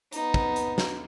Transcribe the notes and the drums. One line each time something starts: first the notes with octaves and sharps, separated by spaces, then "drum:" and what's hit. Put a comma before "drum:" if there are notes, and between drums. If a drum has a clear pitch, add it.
B3 D#4, drum: hi-hat
drum: kick
drum: hi-hat
drum: snare